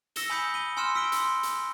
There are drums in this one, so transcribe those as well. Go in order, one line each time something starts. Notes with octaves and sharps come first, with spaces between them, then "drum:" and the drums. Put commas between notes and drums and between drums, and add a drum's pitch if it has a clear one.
E6 A#6 C#7 E7 G7, drum: hi-hat
G#5 B5 D#6 G6 B6 C#7
D#7 G7
G#5 C6 E6 F6 C#7 E7
E6 B6 D7 G7
C6 E6, drum: hi-hat
drum: hi-hat